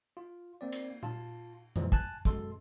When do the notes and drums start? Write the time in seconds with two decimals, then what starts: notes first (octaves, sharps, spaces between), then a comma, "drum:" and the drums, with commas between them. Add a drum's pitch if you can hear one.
0.17 F4
0.61 A#3 C4 D5
0.73 drum: cymbal
1.03 F4 F5 A5, drum: tom A#2
1.76 A#2 E3 F3 G#3, drum: tom F2
1.92 G#5 A5 F#6, drum: kick
2.25 F#2 B2 G#3 A4 C6, drum: kick